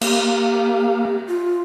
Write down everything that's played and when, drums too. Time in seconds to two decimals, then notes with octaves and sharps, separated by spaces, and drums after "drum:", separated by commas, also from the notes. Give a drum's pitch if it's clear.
0.01 A#3 G4, drum: cymbal
1.27 F4